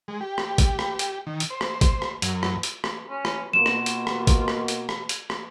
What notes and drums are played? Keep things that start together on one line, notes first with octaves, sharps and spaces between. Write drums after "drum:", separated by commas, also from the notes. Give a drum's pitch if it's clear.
G#3
G4
drum: rim click
drum: kick, hi-hat
drum: rim click
drum: hi-hat
D#3
drum: hi-hat
C5
drum: rim click
drum: kick, hi-hat
drum: rim click
F#2, drum: hi-hat
drum: rim click
drum: hi-hat
drum: rim click
C#4
drum: rim click
B2 A#3 F4 E7
drum: rim click
drum: hi-hat
drum: rim click
drum: kick, hi-hat
drum: rim click
drum: hi-hat
drum: rim click
drum: hi-hat
drum: rim click